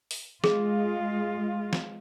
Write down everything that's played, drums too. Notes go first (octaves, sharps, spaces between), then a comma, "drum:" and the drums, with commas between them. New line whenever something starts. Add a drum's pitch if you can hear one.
drum: open hi-hat
G#3 F4 G#4, drum: snare
drum: snare